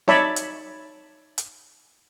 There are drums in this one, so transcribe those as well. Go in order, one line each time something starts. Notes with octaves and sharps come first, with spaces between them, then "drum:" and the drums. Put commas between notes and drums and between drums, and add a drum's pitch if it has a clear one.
D#4 C#5 D5 E5 A5 B5, drum: snare C4
drum: hi-hat
drum: hi-hat